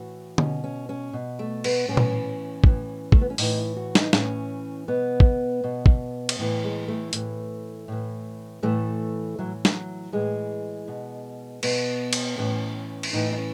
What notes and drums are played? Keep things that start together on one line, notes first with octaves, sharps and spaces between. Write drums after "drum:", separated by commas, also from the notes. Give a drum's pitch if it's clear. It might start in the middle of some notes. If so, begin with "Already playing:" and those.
Already playing: A2 E3 F#4
B2 C#4, drum: tom D3
C#4
C#4
B2
A3
B3, drum: cymbal
A2 E3 C#4
drum: tom A#2
A2 E3, drum: kick
A3, drum: kick
B3
C#4
A2 E3 D#4, drum: open hi-hat
E4
F#4
D#4, drum: snare
A2 E3 C#4, drum: snare
B2 B3
drum: kick
B2
drum: kick
drum: cymbal
A2 E3
G#3
A3
A2 E3, drum: hi-hat
A2 E3
A2 E3 A3
A2 E3 F#3
F#3, drum: snare
A2 E3 G#3
B2
B2 B3, drum: cymbal
drum: cymbal
A2 E3 C#4
drum: cymbal
A2 E3 D#4
D#4
C#4